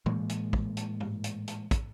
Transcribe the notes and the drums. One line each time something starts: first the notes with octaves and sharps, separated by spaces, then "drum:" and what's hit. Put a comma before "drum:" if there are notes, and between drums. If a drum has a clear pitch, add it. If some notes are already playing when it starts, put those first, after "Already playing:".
A2 E3 G#3 A#3, drum: tom A#2
drum: hi-hat
drum: kick
drum: hi-hat
drum: tom G#2
drum: hi-hat
drum: hi-hat
drum: kick, hi-hat